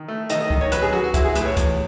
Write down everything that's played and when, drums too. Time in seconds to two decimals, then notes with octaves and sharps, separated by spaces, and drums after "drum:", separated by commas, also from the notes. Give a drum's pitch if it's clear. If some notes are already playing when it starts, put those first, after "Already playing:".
Already playing: D#3
0.08 A3
0.30 D#3 D#5, drum: hi-hat
0.40 D#5
0.50 D#3, drum: kick C2
0.61 C#5
0.72 F#3 B4, drum: hi-hat
0.82 G#4
0.93 F#3 F#4
1.04 F#4
1.14 B1 E4, drum: kick C2, hi-hat
1.24 G#4
1.35 A2 B4, drum: hi-hat
1.45 C#5
1.57 E2, drum: kick C2, hi-hat